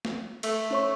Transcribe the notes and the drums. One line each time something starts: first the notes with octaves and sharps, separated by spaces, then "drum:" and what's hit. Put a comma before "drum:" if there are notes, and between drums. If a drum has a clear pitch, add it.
drum: snare
A3, drum: cymbal
C#4 C#5 C#6